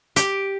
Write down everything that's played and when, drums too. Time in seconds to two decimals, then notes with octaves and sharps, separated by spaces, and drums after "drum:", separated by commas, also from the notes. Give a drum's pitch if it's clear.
0.16 G4, drum: hi-hat